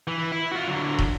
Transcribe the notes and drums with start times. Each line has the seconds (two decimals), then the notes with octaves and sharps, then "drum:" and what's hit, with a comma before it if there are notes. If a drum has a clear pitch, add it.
0.07 E3
0.32 E4
0.52 F4 F#4
0.68 D3 F#3
0.99 drum: kick